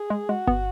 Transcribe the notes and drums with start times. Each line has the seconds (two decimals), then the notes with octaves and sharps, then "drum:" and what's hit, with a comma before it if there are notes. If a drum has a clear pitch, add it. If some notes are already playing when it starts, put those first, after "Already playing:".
Already playing: G#4
0.10 G#3
0.29 G#3 F#4
0.47 B3, drum: kick G1